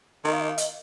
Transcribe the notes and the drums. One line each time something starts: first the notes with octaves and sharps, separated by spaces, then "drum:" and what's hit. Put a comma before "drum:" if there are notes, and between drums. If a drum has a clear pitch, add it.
D#3 D#5
F5
D#5
F5
D#5, drum: hi-hat